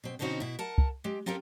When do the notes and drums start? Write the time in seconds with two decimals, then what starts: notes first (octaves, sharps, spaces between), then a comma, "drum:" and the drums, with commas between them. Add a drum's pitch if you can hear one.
0.04 B2 C4
0.19 B2 D3 C4 C#4 D#4 F#4
0.40 B2 E4
0.59 A#4 F#5 A5
0.78 drum: kick
1.04 G#3 G4
1.26 C4 F4 G4 A4 A#4